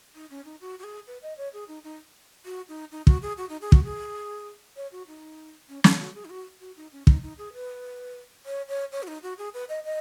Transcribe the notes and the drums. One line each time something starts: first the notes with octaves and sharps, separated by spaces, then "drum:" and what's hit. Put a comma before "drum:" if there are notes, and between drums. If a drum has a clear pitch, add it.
D#4
C#4
D#4
F#4
F#4
G#4
B4
D#5
C#5
G#4
D#4
D#4
F#4
D#4
D#4
F#4, drum: kick
G#4
F#4
D#4
G#4
F#4, drum: kick
G#4
C#5
F#4
D#4
C#4
D#4, drum: snare
F#4
G#4
D#4
F#4
F#4
D#4
C#4
D#4, drum: kick
D#4
G#4
B4
C#5
C#5
C#5
F#4
D#4
F#4
G#4
B4
D#5
D#5